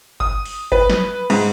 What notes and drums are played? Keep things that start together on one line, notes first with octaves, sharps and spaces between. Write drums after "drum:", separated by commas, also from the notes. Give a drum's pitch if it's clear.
D#6, drum: kick G1
drum: open hi-hat
B4, drum: kick G1
drum: snare
G#2, drum: cymbal